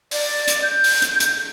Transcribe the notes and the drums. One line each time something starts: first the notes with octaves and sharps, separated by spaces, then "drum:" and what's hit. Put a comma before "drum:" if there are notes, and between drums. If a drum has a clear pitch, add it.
D5, drum: open hi-hat
drum: hi-hat
G6
drum: open hi-hat
drum: hi-hat
drum: hi-hat